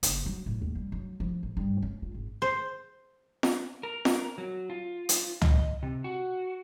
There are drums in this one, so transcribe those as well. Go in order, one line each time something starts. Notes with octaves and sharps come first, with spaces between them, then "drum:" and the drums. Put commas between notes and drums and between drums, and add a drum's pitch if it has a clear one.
F#1, drum: hi-hat
F#3
A2
D#2
G3
F#3
F3
A1
G2
C#4
F4
G#1
C5
drum: snare
A#4
drum: snare
F#3
F4
drum: hi-hat
D#5, drum: tom
C3
F#4